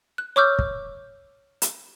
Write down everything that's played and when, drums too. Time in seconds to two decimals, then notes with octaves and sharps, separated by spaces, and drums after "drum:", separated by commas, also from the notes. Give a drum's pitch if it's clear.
0.18 F#6
0.36 C#5 C#6 D6 E6 F6 G6
0.59 drum: kick
1.62 drum: hi-hat